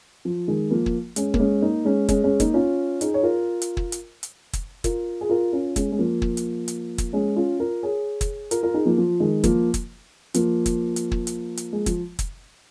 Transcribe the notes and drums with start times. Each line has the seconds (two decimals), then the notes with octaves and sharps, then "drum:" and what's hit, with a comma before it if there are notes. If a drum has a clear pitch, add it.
0.25 F3
0.48 D#3 G#3
0.71 F3 A#3
0.86 drum: kick
1.16 G#3 C#4, drum: hi-hat
1.34 A#3, drum: kick
1.39 G#3 C#4
1.62 A#3 D#4
1.85 G#3 C#4
2.09 G#3 C#4, drum: kick, hi-hat
2.24 G#3 C#4
2.40 A#3 D#4, drum: kick, hi-hat
2.54 C#4 F4
3.01 D#4 G#4, drum: hi-hat
3.14 C#5
3.23 F4 A#4
3.62 drum: hi-hat
3.77 drum: kick
3.92 drum: hi-hat
4.23 drum: hi-hat
4.53 drum: kick, hi-hat
4.84 F4 A#4, drum: kick, hi-hat
5.21 G#4
5.29 F4 A#4
5.53 C#4 F4
5.76 G#3 C#4, drum: kick, hi-hat
5.92 G#3
5.99 F3 A#3
6.22 drum: kick
6.37 drum: hi-hat
6.68 drum: hi-hat
6.98 drum: kick, hi-hat
7.13 G#3 C#4
7.36 C#4 F4
7.60 F4 A#4
7.83 G#4 C#5
8.21 drum: kick, hi-hat
8.51 F4 A#4, drum: hi-hat
8.63 F4 A#4
8.74 D#4 G#4
8.85 F3 A#3
8.98 F3
9.20 D#3 G#3
9.44 F3 A#3, drum: kick, hi-hat
9.74 drum: kick, hi-hat
10.34 F3 A#3, drum: hi-hat
10.66 drum: kick, hi-hat
10.96 drum: hi-hat
11.12 drum: kick
11.27 drum: hi-hat
11.57 drum: hi-hat
11.73 G#3
11.86 F3, drum: kick, hi-hat
12.19 drum: kick, hi-hat